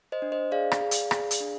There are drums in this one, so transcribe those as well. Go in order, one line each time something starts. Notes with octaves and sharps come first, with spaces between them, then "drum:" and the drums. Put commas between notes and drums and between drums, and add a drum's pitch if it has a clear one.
C5 D#5
D4
C5 D#5
G#4 D5 F5
drum: rim click
G#4
drum: hi-hat
G#4, drum: rim click
drum: hi-hat
D4